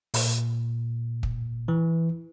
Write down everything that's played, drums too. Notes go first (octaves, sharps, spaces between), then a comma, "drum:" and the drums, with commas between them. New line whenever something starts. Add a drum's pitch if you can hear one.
A#2, drum: open hi-hat
drum: kick
E3